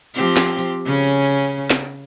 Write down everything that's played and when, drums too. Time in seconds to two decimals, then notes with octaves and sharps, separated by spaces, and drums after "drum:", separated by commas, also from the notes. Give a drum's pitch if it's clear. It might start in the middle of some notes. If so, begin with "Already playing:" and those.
0.14 F3 C4 G4, drum: open hi-hat
0.37 drum: snare
0.59 drum: hi-hat
0.85 C#3 C#4
1.04 drum: hi-hat
1.26 drum: hi-hat
1.70 drum: snare